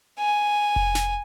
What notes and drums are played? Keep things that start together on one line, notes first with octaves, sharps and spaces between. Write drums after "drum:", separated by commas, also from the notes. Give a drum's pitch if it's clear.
G#5
drum: kick F1
drum: snare